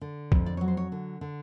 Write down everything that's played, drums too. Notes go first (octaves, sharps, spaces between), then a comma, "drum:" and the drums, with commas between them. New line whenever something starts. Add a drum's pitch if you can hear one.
D3
F2, drum: kick
D5
F#3 C#5
C5
C#5
D3
D3